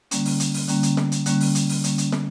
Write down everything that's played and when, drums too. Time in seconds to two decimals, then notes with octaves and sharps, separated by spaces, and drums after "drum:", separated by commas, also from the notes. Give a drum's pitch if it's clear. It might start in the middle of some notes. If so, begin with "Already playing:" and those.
0.11 D3 G3 A#3 C#4, drum: hi-hat
0.25 drum: open hi-hat
0.40 drum: hi-hat
0.54 drum: open hi-hat
0.68 D3 G3 A#3 C#4, drum: hi-hat
0.83 drum: hi-hat
0.97 drum: snare
1.12 drum: hi-hat
1.26 D3 G3 A#3 C#4, drum: hi-hat
1.40 drum: open hi-hat
1.55 drum: hi-hat
1.69 drum: open hi-hat
1.84 D3 G3 A#3 C#4, drum: hi-hat
1.98 drum: hi-hat
2.12 drum: snare